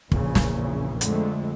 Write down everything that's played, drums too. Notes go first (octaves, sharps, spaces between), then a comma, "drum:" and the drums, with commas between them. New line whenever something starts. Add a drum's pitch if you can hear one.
A#1 E2 A#2 C#3, drum: kick
drum: snare
F2 D3 G#3 A3, drum: hi-hat